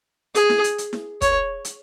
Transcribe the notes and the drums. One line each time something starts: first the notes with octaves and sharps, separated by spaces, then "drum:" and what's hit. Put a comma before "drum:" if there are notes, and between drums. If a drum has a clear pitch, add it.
G#4, drum: hi-hat
drum: snare E4
drum: hi-hat
drum: hi-hat
drum: snare E4
C#5, drum: kick, hi-hat
drum: hi-hat